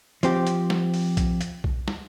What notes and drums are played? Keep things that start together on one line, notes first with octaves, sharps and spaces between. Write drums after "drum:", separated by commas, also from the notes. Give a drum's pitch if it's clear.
F3 C4 G4, drum: hi-hat
drum: hi-hat
drum: snare
drum: open hi-hat
drum: kick B1, hi-hat
drum: hi-hat
drum: kick B1
drum: snare